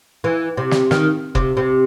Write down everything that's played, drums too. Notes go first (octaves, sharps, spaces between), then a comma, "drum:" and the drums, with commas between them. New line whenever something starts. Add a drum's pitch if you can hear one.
E3
C3
drum: snare
D#3, drum: snare
C3, drum: kick F#1
C3